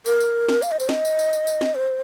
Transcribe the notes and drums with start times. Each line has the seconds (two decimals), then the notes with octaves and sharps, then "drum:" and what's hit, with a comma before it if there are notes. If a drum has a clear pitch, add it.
0.06 A#4, drum: tambourine
0.20 drum: tambourine
0.49 drum: snare
0.62 F5, drum: tambourine
0.71 D#5
0.80 C5, drum: tambourine
0.89 D#5, drum: snare
1.05 drum: tambourine
1.19 drum: tambourine
1.33 drum: tambourine
1.47 drum: tambourine
1.61 drum: snare
1.75 C5